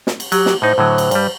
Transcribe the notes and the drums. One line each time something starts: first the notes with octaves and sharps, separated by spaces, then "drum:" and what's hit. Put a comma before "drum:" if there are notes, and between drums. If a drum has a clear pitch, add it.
drum: snare
drum: cymbal
F#3 G4, drum: cymbal
drum: snare
A2 D#4 C5
A2 D3 F#3
drum: cymbal
G2 G3, drum: cymbal